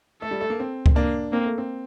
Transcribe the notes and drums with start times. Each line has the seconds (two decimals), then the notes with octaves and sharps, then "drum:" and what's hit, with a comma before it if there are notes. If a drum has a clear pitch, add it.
0.22 A3 A4
0.31 G3
0.41 A3
0.50 A#3
0.60 C4
0.86 drum: kick C#2
0.96 A#3 D4
1.32 A#3 C4
1.45 A3
1.58 C4